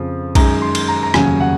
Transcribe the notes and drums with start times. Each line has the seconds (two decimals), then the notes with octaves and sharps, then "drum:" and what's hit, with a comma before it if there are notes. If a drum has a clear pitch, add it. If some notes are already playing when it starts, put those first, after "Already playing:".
Already playing: F2 C#3 F3
0.35 F#2 D#3 G#3 C#4 A#5, drum: kick B1, cymbal
0.62 C6
0.75 drum: cymbal
0.88 A#5
1.03 A#5
1.14 F1 D#2 C#3 F#3 C#4 G#5, drum: rim click
1.41 F#5